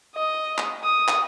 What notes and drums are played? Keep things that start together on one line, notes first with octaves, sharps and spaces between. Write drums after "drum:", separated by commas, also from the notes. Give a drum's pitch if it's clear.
D#5
drum: clap
D#6
drum: clap